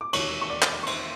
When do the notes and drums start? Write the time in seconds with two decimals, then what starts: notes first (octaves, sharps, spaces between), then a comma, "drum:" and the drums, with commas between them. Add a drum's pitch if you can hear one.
0.01 D6
0.13 E1 D#2 D#3 C#5 C#6, drum: cymbal
0.41 C#6
0.50 D5 D6
0.62 drum: clap
0.83 C#6
0.87 C5 C6, drum: cymbal